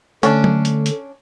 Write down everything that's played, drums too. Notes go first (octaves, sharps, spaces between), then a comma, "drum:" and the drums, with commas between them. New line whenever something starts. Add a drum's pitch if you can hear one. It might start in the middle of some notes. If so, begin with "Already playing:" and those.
D3 A3 C#4 D4, drum: hi-hat
drum: tom
drum: hi-hat
drum: hi-hat